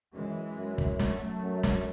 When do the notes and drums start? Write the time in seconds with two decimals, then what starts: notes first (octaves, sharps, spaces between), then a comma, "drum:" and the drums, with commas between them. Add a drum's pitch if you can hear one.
0.14 F#2 E3 G#3
0.56 F#2
0.78 drum: kick
0.99 F#3 A3, drum: snare
1.42 F#2
1.63 drum: snare